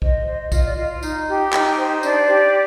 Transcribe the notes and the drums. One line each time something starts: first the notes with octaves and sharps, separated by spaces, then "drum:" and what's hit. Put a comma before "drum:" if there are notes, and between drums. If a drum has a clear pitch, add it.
C5 D#5, drum: kick
C5
F4 D#5, drum: kick, tambourine
D5
F4 D#5
D#4, drum: tambourine
G4
D#4, drum: clap
C5
D4 D5, drum: tambourine
G4